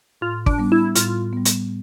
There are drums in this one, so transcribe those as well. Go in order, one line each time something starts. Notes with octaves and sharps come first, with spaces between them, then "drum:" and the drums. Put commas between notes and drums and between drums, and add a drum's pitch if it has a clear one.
A2 F4
D4, drum: kick
G3 B3
E4
A2 F4, drum: hi-hat
G3 B3
drum: hi-hat